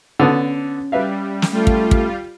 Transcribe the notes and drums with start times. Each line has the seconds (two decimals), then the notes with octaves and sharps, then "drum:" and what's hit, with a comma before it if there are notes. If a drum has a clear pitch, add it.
0.20 D3 B3 C#4 D#6
0.92 G3 B4 E5 F5
1.42 drum: snare
1.52 G3 A3 F4
1.67 drum: kick
1.91 drum: kick